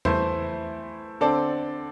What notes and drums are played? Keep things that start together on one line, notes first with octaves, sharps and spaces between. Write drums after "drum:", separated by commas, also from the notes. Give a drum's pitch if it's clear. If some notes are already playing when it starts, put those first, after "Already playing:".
E3 A3 E4 C5, drum: tom E2
D3 C4 A4 D5